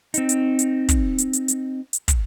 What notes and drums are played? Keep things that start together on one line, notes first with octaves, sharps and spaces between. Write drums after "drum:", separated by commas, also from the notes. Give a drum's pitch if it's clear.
C4 D#4, drum: hi-hat
drum: hi-hat
drum: hi-hat
drum: kick, hi-hat
drum: hi-hat
drum: hi-hat
drum: hi-hat
drum: hi-hat
drum: kick, hi-hat